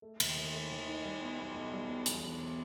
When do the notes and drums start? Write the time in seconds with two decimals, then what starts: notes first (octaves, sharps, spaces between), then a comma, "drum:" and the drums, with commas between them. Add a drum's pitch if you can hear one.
0.02 A3
0.20 D#2, drum: cymbal
0.36 D#3
0.53 A3
0.71 D#3
0.87 D#4
1.04 G3
1.21 B3
1.39 B1
1.56 B1
1.72 G3
1.89 B1
2.06 E2, drum: hi-hat
2.23 E1